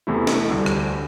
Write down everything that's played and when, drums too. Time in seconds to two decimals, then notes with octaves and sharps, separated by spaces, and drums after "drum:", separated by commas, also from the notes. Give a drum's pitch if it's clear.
0.07 E2 C3 E3 A3 E4
0.27 drum: snare
0.50 D2 D3 G3
0.66 drum: rim click